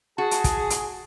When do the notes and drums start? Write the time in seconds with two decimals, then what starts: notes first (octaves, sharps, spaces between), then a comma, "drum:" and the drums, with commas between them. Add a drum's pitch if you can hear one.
0.18 F#4 G#4 A5
0.31 drum: hi-hat
0.44 drum: kick, hi-hat
0.70 drum: hi-hat